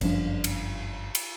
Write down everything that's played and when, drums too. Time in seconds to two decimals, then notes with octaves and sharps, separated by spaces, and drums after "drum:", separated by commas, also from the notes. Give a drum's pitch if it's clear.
0.01 G1 F#2 F3 D4, drum: cymbal
0.44 drum: cymbal
1.15 drum: cymbal